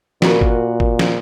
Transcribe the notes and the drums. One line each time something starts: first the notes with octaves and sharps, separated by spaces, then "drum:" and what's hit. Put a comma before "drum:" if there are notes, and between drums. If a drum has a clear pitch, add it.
A#2 F#4 A#4 B4, drum: snare
drum: kick
drum: kick
drum: snare